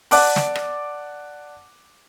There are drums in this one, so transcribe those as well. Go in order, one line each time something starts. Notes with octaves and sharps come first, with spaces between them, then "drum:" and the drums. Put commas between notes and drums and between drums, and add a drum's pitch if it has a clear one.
D5 F#5 A5 D6 F#6, drum: open hi-hat
drum: snare
drum: rim click